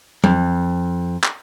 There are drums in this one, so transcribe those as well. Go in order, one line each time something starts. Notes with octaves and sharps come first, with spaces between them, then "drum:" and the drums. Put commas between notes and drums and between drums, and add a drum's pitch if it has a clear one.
F2, drum: tom
drum: clap